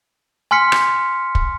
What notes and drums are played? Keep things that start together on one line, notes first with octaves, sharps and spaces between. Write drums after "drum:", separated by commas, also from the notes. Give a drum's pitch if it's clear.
G#5 C6 F6 B6 C#7
drum: rim click
drum: kick